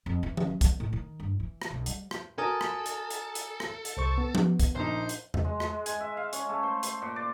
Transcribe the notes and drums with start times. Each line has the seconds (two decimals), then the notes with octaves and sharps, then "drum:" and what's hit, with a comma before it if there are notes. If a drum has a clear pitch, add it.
0.06 F2
0.23 E3
0.37 drum: tom E3
0.47 F#3
0.61 B3, drum: kick, hi-hat
0.80 A2
0.93 D#3
1.20 G2
1.40 E3
1.62 drum: rim click
1.71 B1
1.86 G3, drum: hi-hat
2.11 drum: rim click
2.38 F#4 A4 A#4 G#5 D#6
2.61 drum: rim click
2.86 drum: hi-hat
3.11 drum: hi-hat
3.35 drum: hi-hat
3.60 drum: rim click
3.85 drum: hi-hat
3.97 C2 C5 C#6
4.18 B3
4.35 drum: tom F3
4.59 drum: kick, hi-hat
4.75 A#1 D#4 C5
5.09 drum: hi-hat
5.34 drum: tom E2
5.45 G#3
5.60 G#3, drum: rim click
5.86 G#5, drum: hi-hat
6.01 E5
6.17 F5
6.33 C#4, drum: hi-hat
6.49 A3
6.63 C5
6.83 C5, drum: hi-hat
7.02 A#2
7.16 D5